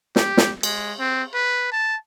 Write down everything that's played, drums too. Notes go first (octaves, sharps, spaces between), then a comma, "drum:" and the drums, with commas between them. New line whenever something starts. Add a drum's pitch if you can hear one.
G4, drum: snare
drum: snare
G#3, drum: cymbal
C4
B4
A5